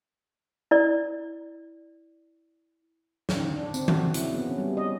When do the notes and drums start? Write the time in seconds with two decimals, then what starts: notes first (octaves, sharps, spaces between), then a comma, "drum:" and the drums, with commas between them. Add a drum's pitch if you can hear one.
0.71 E4 D5
3.29 D#3, drum: snare
3.54 D4
3.74 C4, drum: tambourine
3.88 F#4, drum: tom D#3
4.02 C#3
4.14 E4, drum: hi-hat
4.34 B3
4.47 C#4
4.58 G3
4.77 D#5